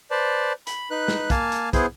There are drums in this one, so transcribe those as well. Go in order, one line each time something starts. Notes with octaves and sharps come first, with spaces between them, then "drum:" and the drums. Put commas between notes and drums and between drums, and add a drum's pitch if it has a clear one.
B4 C5 D5 A5
B5, drum: hi-hat
D#4 B4 F#6
drum: snare
A#3 F5 G#5 A5, drum: kick, hi-hat
drum: hi-hat
B3 E4 G#4 C5, drum: kick, hi-hat